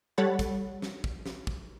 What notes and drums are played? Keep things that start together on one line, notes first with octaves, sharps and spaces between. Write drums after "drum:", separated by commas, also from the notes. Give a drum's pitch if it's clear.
G3 A4 C#5 F#5 B5 A6
drum: kick, hi-hat
drum: snare
drum: kick
drum: snare
drum: kick